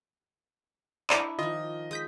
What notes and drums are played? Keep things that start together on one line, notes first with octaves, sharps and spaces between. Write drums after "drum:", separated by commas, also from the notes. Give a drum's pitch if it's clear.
D4 E4 D5 A#5 D6, drum: clap
D#3 F3 F4 D#5
G#3 D#6 G6 B6